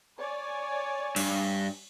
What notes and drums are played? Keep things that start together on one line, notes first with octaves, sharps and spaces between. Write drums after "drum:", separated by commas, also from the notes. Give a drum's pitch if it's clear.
C#5 D5 G#5
G2, drum: cymbal